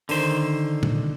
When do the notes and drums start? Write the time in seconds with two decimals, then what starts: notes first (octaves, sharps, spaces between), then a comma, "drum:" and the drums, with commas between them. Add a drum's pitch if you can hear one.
0.09 D3 D#3 C5, drum: open hi-hat
0.83 drum: tom A#2